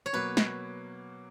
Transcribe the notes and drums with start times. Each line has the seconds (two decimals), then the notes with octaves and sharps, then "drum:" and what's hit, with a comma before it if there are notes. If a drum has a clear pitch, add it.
0.06 C#5
0.13 B2 F#3 A#3 B4
0.37 drum: snare